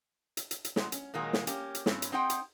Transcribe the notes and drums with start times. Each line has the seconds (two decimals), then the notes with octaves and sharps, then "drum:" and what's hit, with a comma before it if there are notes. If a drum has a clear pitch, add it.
0.37 drum: hi-hat
0.51 drum: hi-hat
0.65 drum: hi-hat
0.76 A#2 F#3 G#3, drum: snare
0.92 C#4, drum: hi-hat
1.14 A#2 D#3 F#3 G#3 A#3
1.33 drum: snare
1.47 A#3 C#4 G4, drum: hi-hat
1.75 drum: hi-hat
1.86 G2 C4 C#4, drum: snare
2.02 drum: hi-hat
2.12 C4 D#4 G#4 C5 F#5 G5
2.30 drum: hi-hat